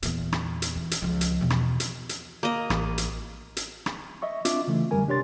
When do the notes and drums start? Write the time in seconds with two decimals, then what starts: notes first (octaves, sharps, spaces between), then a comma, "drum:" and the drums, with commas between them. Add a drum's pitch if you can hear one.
0.02 E2 A#2, drum: hi-hat
0.32 drum: rim click
0.62 drum: hi-hat
0.75 E2
0.91 drum: hi-hat
1.02 C#2 F3
1.21 drum: hi-hat
1.41 E2 B2
1.50 drum: rim click
1.80 drum: hi-hat
2.09 drum: hi-hat
2.43 A#3 D#5
2.70 A1, drum: rim click
2.98 drum: hi-hat
3.57 drum: hi-hat
3.86 drum: rim click
4.22 D#5 E5 C#6
4.45 C4 D4 F4 E5 D6, drum: hi-hat
4.67 C#3 E3 A3
4.91 F#2 D3 G3 A#4 G#5
5.07 C3 D4 G4 C#5 C6 A6